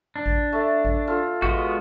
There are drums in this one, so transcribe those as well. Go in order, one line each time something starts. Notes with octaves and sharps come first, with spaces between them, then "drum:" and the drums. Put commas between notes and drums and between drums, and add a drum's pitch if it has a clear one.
D4
drum: kick A1
A3
drum: kick A1
F4 A4
G#3 B3 F#4 D#5, drum: kick A1